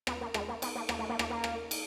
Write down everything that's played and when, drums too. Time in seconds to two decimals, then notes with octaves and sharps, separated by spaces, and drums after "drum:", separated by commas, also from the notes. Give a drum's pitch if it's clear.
0.07 B3, drum: rim click
0.21 A#3
0.34 G#3, drum: rim click
0.48 A#3
0.62 B3, drum: cymbal
0.75 A#3
0.89 A#3, drum: rim click
0.99 A3
1.09 A#3
1.19 A#3, drum: rim click
1.30 A#3
1.44 drum: rim click
1.71 drum: cymbal